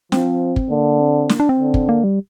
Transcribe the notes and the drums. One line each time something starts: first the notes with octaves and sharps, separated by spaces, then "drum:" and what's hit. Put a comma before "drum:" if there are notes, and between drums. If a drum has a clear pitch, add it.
F3 C4, drum: snare
drum: kick
D3 A#3
C4
A#3, drum: snare
D4
C4
D3
drum: kick
A#3
G3